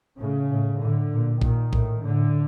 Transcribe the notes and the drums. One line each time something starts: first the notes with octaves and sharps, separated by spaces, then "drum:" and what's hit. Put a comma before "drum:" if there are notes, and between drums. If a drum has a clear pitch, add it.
A2 C#3
A2
A2 D3
A#2
A#2 D#3, drum: kick A#1
A2, drum: kick A#1
A2 D3